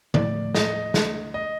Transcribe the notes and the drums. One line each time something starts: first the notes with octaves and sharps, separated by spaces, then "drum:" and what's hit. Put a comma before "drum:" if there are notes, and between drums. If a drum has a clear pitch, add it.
A2 F3 A3 D5, drum: tom D3
D#5, drum: snare
D3 A3 D4, drum: snare
D#5